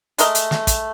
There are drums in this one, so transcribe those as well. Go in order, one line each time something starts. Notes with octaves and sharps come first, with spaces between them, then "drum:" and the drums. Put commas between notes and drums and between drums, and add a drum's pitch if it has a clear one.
G#3 A3 A#4 D#5, drum: hi-hat
drum: hi-hat
drum: snare
drum: kick, hi-hat